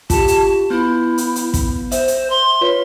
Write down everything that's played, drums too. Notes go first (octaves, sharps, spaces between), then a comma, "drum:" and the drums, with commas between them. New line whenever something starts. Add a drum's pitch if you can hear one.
F4 G4 A5, drum: kick, hi-hat
drum: hi-hat
B3 E4 G6
drum: hi-hat
drum: hi-hat
drum: kick, hi-hat
C5 E5, drum: hi-hat
drum: hi-hat
C6
F4 B4 C#5